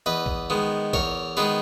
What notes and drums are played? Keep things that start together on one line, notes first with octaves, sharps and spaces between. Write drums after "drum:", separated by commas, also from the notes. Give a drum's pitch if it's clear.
E2 B4 D#5
drum: kick
D#3 G#3 B3
E2 A#4 C#5, drum: kick
D#3 G#3 B3 G#4 B4